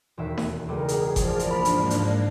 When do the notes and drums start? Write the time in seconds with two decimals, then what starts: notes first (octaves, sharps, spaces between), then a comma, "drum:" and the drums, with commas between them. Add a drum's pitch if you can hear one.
0.17 E1 D#2 E5
0.38 drum: snare D#4
0.69 C#2 G3 A3 G#4 A#4
0.88 drum: hi-hat
1.16 F3 A#4 D5 F6, drum: kick G1, hi-hat
1.39 drum: hi-hat
1.50 G#2 A#3 D4 B5
1.65 drum: hi-hat
1.90 C5 F6, drum: hi-hat